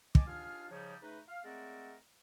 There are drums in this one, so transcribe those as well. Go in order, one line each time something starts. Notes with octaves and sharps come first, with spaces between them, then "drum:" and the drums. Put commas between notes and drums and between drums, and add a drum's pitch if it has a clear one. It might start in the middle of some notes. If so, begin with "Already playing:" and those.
D#5 G#5 A5 D6, drum: kick
D#2 D4 F4 G#4 F5 F6
G#2 C#3 F3 G3 D#4 C#5
C#3 A3 D#4 B4
F5
G#3 A3 C4 A#4 D5 F#5